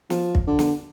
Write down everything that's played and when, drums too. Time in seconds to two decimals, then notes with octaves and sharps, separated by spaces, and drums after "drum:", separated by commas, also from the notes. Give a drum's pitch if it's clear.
0.10 F3, drum: snare
0.35 drum: kick
0.47 D3
0.59 drum: snare